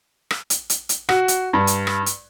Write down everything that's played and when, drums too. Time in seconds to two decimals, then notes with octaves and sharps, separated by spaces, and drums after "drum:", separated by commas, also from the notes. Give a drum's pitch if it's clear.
0.31 drum: rim click
0.50 drum: hi-hat
0.70 drum: hi-hat
0.89 drum: hi-hat
1.09 F#4, drum: rim click
1.28 drum: hi-hat
1.53 G2
1.67 drum: hi-hat
1.87 drum: rim click
2.06 drum: hi-hat